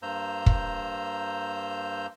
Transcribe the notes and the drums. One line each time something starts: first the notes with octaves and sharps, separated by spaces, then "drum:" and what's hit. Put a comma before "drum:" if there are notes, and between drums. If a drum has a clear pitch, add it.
G2 A#3 C5 A#5 E6 G6
drum: kick